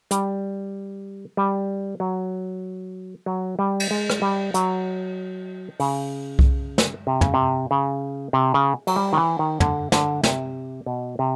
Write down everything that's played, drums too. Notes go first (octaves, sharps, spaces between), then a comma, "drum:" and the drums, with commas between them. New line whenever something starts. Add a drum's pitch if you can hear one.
G3, drum: hi-hat
G3
F#3
F#3
G3
drum: cymbal
G#3
drum: rim click
G3
F#3, drum: hi-hat
C#3, drum: open hi-hat
drum: kick C2
drum: snare
C3
C#3, drum: tom
C3
C#3
C3
C#3
F#3, drum: cymbal
G3
D#3
E3
D#3
D3, drum: tom
D3, drum: snare
C3, drum: snare
B2
C3